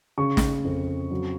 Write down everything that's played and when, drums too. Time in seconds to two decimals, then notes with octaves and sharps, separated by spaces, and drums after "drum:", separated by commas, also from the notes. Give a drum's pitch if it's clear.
0.18 C#3 C#6
0.37 drum: snare
0.64 F2
1.11 F#3